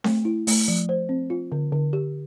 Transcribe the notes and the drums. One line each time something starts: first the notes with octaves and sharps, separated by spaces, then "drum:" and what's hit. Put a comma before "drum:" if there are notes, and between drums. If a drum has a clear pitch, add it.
A3, drum: snare C4
E4
A3, drum: open hi-hat
F3
C5
C4
F4
D3
D3
G4